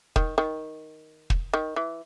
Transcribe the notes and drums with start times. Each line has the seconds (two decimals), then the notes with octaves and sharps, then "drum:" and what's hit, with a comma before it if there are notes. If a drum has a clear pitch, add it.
0.16 D#3, drum: kick
0.38 D#3
1.30 drum: kick
1.54 D#3
1.76 E3